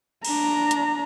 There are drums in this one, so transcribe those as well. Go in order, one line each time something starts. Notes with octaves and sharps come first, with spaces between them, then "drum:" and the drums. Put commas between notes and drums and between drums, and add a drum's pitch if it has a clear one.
D4 A#5, drum: cymbal
drum: hi-hat